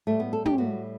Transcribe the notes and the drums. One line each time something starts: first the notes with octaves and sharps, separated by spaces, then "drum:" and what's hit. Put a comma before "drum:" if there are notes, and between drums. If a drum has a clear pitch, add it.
A2 G3 A3
B3
A4
G4, drum: tom
A2 G3 F#4